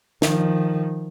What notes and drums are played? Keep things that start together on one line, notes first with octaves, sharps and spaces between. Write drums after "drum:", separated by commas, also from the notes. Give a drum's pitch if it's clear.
D#3 F3, drum: snare